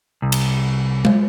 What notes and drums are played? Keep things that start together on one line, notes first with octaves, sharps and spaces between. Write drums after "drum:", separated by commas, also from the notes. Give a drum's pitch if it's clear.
C2
drum: cymbal
drum: tom G#3